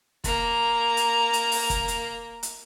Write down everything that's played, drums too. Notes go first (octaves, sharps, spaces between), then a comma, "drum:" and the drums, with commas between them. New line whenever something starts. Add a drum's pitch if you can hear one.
A#3 A#5, drum: kick, hi-hat
drum: hi-hat
drum: hi-hat
drum: open hi-hat
drum: kick, hi-hat
drum: hi-hat
drum: hi-hat